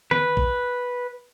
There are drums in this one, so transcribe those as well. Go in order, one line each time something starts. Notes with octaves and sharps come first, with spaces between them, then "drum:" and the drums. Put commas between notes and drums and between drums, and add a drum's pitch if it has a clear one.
B4, drum: tom D#3
drum: kick